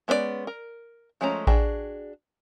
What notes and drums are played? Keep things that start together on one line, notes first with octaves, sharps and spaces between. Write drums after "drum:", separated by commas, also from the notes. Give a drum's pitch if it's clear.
G#3 B3 C#4 F4 D5
A#4
F3 G#3 A3 C#4 A#5
D4 F#4 G#4 G5, drum: kick A1